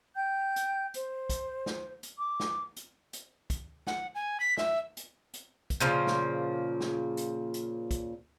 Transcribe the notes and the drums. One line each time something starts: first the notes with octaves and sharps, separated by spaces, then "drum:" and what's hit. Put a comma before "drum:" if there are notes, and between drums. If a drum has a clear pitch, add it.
G5 G6
drum: hi-hat
C5, drum: hi-hat
drum: kick, hi-hat
drum: snare
drum: hi-hat
D6
drum: snare
drum: hi-hat
drum: hi-hat
drum: kick, hi-hat
F#5, drum: snare
G#5
B6
E5, drum: snare
drum: hi-hat
drum: hi-hat
drum: kick, hi-hat
A#2 C#3 F3 A#3
drum: snare
drum: snare
drum: hi-hat
drum: hi-hat
drum: kick, hi-hat